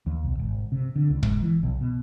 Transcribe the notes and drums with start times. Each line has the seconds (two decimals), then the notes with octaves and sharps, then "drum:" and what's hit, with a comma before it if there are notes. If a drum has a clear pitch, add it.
0.06 D#2
0.24 B1
0.39 G#1
0.72 C3
0.96 D3
1.10 C#2
1.23 G#2, drum: kick
1.42 E3
1.63 B1
1.81 B2